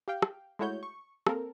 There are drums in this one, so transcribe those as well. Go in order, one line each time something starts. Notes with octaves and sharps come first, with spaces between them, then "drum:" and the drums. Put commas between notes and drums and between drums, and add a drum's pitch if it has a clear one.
G4 F5 G5
drum: rim click
G#3 A3 E4 F#4 C#5 G6
C#6
A#3 C4 A4 A#4, drum: rim click